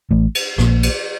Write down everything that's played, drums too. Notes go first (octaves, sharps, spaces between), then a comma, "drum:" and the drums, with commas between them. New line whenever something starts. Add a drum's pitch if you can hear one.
A1 A2
drum: cymbal
A#1 A#2, drum: rim click
drum: cymbal